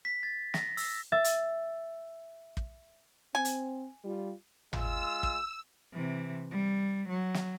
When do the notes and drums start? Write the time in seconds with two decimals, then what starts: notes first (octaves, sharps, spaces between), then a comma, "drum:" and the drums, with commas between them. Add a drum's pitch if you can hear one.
0.05 B6
0.23 A6
0.54 A#6, drum: snare
0.77 E6, drum: open hi-hat
1.12 E5 A6
1.24 drum: hi-hat
2.57 drum: kick
3.35 C4 G#5
3.45 drum: hi-hat
4.04 G3 F4
4.73 G#3 F4 E6, drum: tom G#1
5.23 drum: kick
5.92 C3 E3
6.51 G3
7.08 F#3
7.34 drum: snare